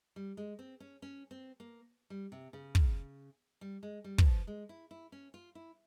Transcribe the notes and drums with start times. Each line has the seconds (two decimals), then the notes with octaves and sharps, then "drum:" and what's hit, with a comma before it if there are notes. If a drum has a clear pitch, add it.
0.16 G3
0.37 G#3
0.59 C4
0.80 C#4
1.02 C#4
1.31 C4
1.60 A#3
2.10 G3
2.32 C3
2.53 C#3
2.75 drum: kick
3.61 G3
3.83 G#3
4.04 G3
4.18 E3, drum: kick
4.26 F3
4.47 G#3
4.69 E4
4.91 E4
5.12 C#4
5.34 F4
5.55 E4